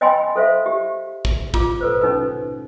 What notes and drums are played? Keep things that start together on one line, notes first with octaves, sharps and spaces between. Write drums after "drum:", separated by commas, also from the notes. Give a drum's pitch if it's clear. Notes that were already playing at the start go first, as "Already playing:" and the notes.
C#5 D#5 G5 G#5 B5 C6
A4 C5 E5 F5
G4
drum: kick
F4 D6, drum: kick
A4 B4 C5
C#4 D#4 A4 B4